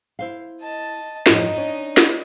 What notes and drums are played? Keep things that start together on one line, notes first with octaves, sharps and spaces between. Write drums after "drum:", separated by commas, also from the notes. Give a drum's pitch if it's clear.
E4 C5 F5
D#5 A5
F#2 A2 F3 D#4 D#5, drum: snare
C#4 D4 D5
drum: snare